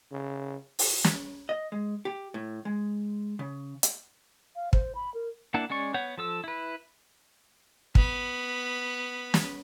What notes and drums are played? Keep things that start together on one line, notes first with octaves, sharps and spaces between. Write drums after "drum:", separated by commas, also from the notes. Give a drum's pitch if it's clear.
C#3
drum: open hi-hat
drum: snare
D#5
G#3
G4
A2
G#3
C#3
drum: hi-hat
F5
C5, drum: kick
B5
A#4
A#3 D4 E4 F#5 A5
G#3 C#4 D5 C#6
B3 C#5 F#5 G6
F3 A4 E6
E4 B4
B3 B5, drum: kick
drum: snare